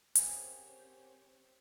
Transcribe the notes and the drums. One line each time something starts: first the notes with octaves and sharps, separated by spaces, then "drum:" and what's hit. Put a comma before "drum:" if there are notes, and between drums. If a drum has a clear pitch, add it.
C#3 C4 G4 G#4 A#4 C#5 F#5 G#5, drum: hi-hat